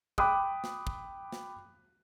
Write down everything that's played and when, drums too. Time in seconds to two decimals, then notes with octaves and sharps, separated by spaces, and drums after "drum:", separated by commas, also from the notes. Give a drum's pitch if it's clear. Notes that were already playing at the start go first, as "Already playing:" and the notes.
0.18 G5 B5 D6 D#6 F#6, drum: kick
0.64 drum: snare
0.87 drum: kick
1.32 drum: snare